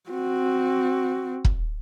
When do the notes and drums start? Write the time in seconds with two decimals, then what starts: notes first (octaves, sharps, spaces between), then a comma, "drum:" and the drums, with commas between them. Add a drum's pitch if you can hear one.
0.10 C4 F#4
1.45 drum: kick